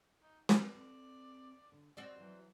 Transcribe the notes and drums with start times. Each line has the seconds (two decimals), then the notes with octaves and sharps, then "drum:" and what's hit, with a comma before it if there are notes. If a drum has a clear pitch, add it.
0.22 D#4
0.49 C4 A#4 D5, drum: snare
0.75 C4 A4
1.72 D3
1.97 C4 F#4 D5 D#5
2.16 E3 F#3 F#5